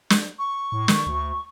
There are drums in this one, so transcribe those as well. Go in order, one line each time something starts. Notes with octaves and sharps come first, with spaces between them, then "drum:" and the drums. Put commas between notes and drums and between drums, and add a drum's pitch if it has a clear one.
drum: snare
C#6
A2
D#3, drum: snare
D2